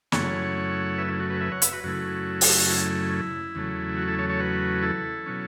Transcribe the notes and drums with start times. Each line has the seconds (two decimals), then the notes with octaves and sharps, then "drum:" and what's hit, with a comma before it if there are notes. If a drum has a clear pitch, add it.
0.12 F#2 C#3 A3 E4 C#5 F#5, drum: snare
0.98 B4 E5
1.08 E4
1.20 F#4
1.30 F#4 B4
1.41 B4 E5
1.52 C#5 F#5
1.62 B4 E5, drum: hi-hat
1.73 F#4 B4
1.84 F#2 C#3 A3 E4 F#4
2.41 drum: open hi-hat
2.69 E4
3.55 E2 C#3 F#3 A3
3.97 F#4
4.08 E4 A4
4.19 A4 C#5
4.30 A4 C#5
4.40 F#4 B4
4.83 E4 A4
5.26 B2 F#3 C#4